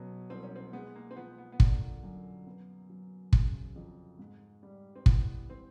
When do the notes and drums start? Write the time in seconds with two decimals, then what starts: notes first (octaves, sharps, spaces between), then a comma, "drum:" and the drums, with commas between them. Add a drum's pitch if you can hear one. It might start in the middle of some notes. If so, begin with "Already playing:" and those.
Already playing: B2 F#3 C#4
0.30 C2 C4
0.43 C#4
0.56 C4
0.73 G#3 B3
0.95 A#3
1.11 C4
1.16 F3 B3
1.38 B3
1.52 B3
1.60 D3 A#3, drum: kick
2.04 F#2
2.47 B3
2.90 F#3
3.33 C#3, drum: kick
3.76 F2
4.19 G#2
4.63 G3
4.96 C4
5.06 E3 B3, drum: kick
5.50 C4